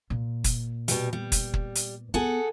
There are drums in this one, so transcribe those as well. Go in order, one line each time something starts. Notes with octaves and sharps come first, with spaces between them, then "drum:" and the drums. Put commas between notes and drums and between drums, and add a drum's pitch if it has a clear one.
A#2
drum: kick, hi-hat
B2 G3, drum: hi-hat
G3
drum: kick, hi-hat
drum: kick
drum: hi-hat
B3 G#4 A4 F#5